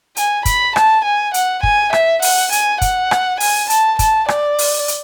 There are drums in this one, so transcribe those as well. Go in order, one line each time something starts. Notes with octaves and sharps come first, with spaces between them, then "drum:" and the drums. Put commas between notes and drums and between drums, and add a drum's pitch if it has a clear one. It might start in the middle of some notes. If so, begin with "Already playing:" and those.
G#5, drum: hi-hat
B5, drum: kick, hi-hat
A5, drum: rim click
G#5
F#5, drum: hi-hat
G#5, drum: kick
E5, drum: rim click
F#5, drum: open hi-hat
G#5, drum: hi-hat
F#5, drum: kick, hi-hat
drum: rim click
G#5, drum: open hi-hat
A5, drum: hi-hat
A5, drum: kick, hi-hat
D5, drum: rim click
drum: open hi-hat
drum: hi-hat